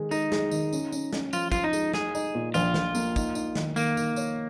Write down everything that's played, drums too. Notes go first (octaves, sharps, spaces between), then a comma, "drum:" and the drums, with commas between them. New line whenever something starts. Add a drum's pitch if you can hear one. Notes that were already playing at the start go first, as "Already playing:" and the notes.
Already playing: D#3 G#3 G#4
G#3 D#4, drum: tambourine
G#3, drum: snare
D#3, drum: tambourine
C#4, drum: tambourine
C#4, drum: tambourine
C#4, drum: snare
F3 F4, drum: tambourine
F3 F4, drum: kick, tambourine
D#4
G#3, drum: tambourine
D#4 G#4, drum: snare
D#4, drum: tambourine
A#2
A#1 F4, drum: tambourine
A#1, drum: snare
A#3, drum: tambourine
D#4, drum: kick, tambourine
D#4, drum: tambourine
D#3, drum: snare
D#3 A#3, drum: tambourine
D#3, drum: tambourine
C#5, drum: tambourine